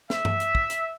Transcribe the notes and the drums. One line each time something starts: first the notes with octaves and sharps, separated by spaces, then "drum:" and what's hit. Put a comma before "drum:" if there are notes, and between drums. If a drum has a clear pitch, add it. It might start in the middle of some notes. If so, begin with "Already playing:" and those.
E5, drum: snare
drum: tom G2
drum: hi-hat
drum: kick
drum: hi-hat